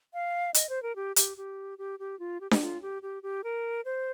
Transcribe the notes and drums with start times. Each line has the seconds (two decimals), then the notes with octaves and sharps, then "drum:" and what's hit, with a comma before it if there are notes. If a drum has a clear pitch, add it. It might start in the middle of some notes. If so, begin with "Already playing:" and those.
0.14 F5
0.54 D#5, drum: hi-hat
0.69 C5
0.83 A#4
0.96 G4
1.16 G4, drum: hi-hat
1.37 G4
1.78 G4
1.99 G4
2.19 F4
2.41 G4
2.51 G4, drum: snare D4
2.62 F4
2.82 G4
3.02 G4
3.23 G4
3.44 A#4
3.85 C5